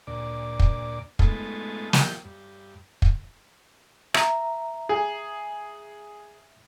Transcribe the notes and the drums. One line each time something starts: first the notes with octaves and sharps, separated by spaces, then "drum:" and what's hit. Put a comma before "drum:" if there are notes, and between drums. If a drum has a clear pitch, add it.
D2 A#2 D5
drum: kick
G#3 A3 B3 D#4 F4 A4, drum: kick
E3 F3 G4 G5, drum: snare
G2
drum: kick
E5 A#5, drum: rim click
G#4